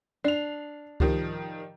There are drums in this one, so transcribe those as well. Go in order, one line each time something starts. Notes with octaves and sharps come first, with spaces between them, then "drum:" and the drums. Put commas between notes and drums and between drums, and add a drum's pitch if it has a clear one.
D4 C7 F7
D#3 F3 G3, drum: kick C#2